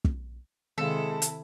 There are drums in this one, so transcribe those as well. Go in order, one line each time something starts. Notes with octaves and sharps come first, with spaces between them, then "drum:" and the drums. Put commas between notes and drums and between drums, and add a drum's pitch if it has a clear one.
drum: kick
C3 D#3 G#3 E4 A4 F5
drum: hi-hat